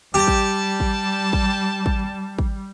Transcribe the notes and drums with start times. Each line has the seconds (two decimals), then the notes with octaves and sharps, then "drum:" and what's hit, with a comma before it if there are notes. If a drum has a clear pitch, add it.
0.14 G3 G4 D5 G5 A5
0.27 drum: kick
0.80 drum: kick
1.33 drum: kick
1.86 drum: kick
2.39 drum: kick